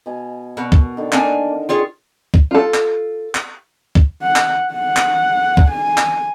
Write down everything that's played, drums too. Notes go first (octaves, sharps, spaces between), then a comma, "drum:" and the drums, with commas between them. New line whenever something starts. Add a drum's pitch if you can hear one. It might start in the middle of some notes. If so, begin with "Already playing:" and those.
B2 G#5
B2 A#4
drum: kick
D3 D#3
A#3 D4 G#5, drum: clap
F4 G#4 C#5 G5
drum: kick
F4 A4
drum: clap
drum: clap
drum: kick
F#5
drum: clap
F#5
drum: clap
drum: kick
G#5
drum: clap